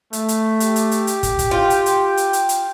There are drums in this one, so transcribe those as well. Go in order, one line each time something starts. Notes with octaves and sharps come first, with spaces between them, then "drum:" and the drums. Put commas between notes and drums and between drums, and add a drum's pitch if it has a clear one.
A3, drum: hi-hat
drum: hi-hat
G4, drum: hi-hat
drum: hi-hat
drum: hi-hat
drum: hi-hat
drum: kick, hi-hat
drum: kick, hi-hat
F4 G5
drum: hi-hat
drum: hi-hat
drum: hi-hat
drum: hi-hat
drum: hi-hat